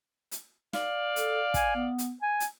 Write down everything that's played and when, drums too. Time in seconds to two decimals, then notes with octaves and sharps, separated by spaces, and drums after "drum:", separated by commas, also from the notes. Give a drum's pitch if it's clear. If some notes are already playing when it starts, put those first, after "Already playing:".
0.32 drum: hi-hat
0.73 D5 F5, drum: snare
1.16 A4, drum: hi-hat
1.54 G#5, drum: kick, hi-hat
1.76 B3
1.98 drum: hi-hat
2.22 G#5
2.40 drum: hi-hat